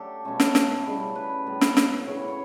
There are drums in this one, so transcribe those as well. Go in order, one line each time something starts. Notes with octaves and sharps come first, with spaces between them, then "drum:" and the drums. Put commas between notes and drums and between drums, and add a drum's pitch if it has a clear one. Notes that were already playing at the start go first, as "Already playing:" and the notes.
Already playing: F#3 A3 D4 G4 A4
B2 F#3 A3 C#4
drum: snare
drum: snare
C#3 G3 B3 E4
B4
A2 F#3 B3
drum: snare
drum: snare
C#3 E3 B3 E4 C#5
C#5